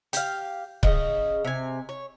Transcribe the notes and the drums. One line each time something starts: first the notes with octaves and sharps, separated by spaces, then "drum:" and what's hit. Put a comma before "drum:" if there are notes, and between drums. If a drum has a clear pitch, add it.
G4 F5, drum: hi-hat
C#3 D#5, drum: kick C#1
C3 G#5
C#5